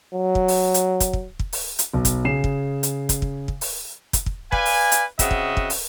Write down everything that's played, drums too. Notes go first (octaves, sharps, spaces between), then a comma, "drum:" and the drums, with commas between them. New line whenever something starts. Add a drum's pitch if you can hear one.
F#3
drum: kick
drum: open hi-hat
drum: hi-hat
drum: kick, hi-hat
drum: kick
drum: kick
drum: open hi-hat
drum: hi-hat
B1
drum: kick, hi-hat
C#3 G#4 C7 E7
drum: kick
drum: hi-hat
drum: kick, hi-hat
drum: kick
drum: kick
drum: open hi-hat
drum: kick, hi-hat
drum: kick
B4 D5 F5 G#5, drum: kick
drum: open hi-hat
drum: hi-hat
C#3 C4 F#4 D#5 E5 F#5, drum: kick, hi-hat
drum: kick
drum: kick
drum: open hi-hat